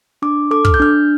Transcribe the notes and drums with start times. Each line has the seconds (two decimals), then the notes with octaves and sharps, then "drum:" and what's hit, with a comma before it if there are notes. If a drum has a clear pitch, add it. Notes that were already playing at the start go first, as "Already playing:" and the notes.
0.22 D4 D6
0.51 A4 D6
0.65 F6, drum: kick
0.74 G6
0.80 D4 F6